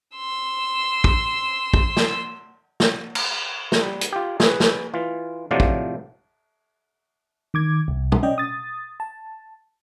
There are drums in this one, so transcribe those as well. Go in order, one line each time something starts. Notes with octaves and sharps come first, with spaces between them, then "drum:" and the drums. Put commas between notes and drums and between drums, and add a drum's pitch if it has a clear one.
C6 E6
drum: kick
drum: kick
drum: snare
drum: snare
drum: cymbal
drum: snare
G3
drum: hi-hat
F4 G4
G#4 B4, drum: snare
drum: snare
E3 F4
A2 C3 F3 F#3 F4 D5
drum: kick
D#3 D6 G#6
C2
drum: tom
C#4 D5 D#5 G5
D#6 A6
A5